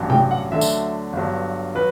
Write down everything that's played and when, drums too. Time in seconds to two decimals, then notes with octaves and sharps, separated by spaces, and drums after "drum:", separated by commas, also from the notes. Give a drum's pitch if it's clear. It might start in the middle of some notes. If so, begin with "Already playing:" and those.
Already playing: A1 G2 F#3
0.10 G5, drum: tom C3
0.31 F#5
0.52 D2 D3 F#3 E5
0.61 drum: tambourine
1.13 G1 G2 F#3
1.75 F#3 B4